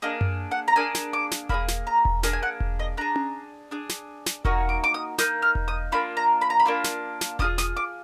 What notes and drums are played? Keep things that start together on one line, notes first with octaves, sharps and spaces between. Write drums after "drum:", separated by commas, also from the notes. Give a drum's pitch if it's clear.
A#3 D4 G#4 D#5
drum: tom F#2
F#5
A#5
A#3 D4 G#4 G#5
drum: snare
D6
drum: snare
A#3 D4 G#4 B5, drum: kick E1
drum: snare
A#5
drum: kick E1
A#3 D4 G#4 G#5, drum: snare
G#5
F#5
drum: kick E1
D#5
D4 G#4 A#5
drum: tom C#4
D4 G#4
drum: snare
drum: snare
A#3 D#4 F#4, drum: kick E1
D6
D6
D#6
A#3 D#4 D#6, drum: snare
F6
drum: kick E1
D#6
A#3 D4 F4 B5
A#5
B5
A#5
B5
A#3 D4 F4
drum: snare
drum: snare
D4 F4 G#4 D#6, drum: kick E1
D#6, drum: snare
D6